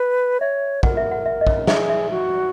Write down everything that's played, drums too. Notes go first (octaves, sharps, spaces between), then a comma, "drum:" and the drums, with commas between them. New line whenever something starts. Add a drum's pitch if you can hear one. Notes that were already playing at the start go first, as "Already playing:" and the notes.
Already playing: B4
C#5 E5
A#4 F#5, drum: kick
E5
F#5
E5
D#5
C#5, drum: kick
G#4 E5, drum: snare
E5
F#4